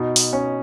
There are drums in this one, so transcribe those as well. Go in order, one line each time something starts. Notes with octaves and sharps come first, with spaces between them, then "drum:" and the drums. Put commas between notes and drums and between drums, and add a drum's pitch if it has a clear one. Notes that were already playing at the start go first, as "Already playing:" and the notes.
Already playing: B2 D#4
drum: open hi-hat
C#4